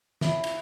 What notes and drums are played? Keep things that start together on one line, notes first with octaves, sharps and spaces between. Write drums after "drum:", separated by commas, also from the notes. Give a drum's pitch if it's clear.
E4 G#4, drum: snare
drum: cymbal